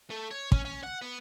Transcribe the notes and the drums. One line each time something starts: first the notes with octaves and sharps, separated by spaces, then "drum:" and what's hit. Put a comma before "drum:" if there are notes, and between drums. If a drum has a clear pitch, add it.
A3
C#5
C#4, drum: kick
C#4
F#5
B3